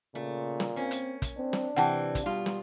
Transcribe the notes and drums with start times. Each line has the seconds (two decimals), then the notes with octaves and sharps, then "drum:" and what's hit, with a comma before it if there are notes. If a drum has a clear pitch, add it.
0.15 A#2 C#3 A3
0.60 drum: snare
0.76 A#3 C4 C#4
0.91 drum: hi-hat
1.22 drum: kick, hi-hat
1.37 C4 D4
1.53 drum: snare
1.76 C3 E3 C4 F#5 G5 A5
2.15 drum: kick, hi-hat
2.26 B2 G3 F4
2.46 drum: snare